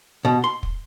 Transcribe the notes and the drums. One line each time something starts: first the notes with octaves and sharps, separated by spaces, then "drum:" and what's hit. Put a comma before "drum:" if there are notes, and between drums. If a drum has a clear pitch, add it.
B2
C6
drum: kick